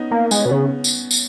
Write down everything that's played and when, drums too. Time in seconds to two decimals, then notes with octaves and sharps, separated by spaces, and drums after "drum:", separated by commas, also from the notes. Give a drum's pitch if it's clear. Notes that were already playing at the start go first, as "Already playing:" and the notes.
Already playing: B3 C#4 D#4
0.11 A#3 D#4
0.31 G#3 B3, drum: tambourine
0.40 C#4
0.45 B2
0.49 C#3 B3
0.84 drum: tambourine
1.11 drum: tambourine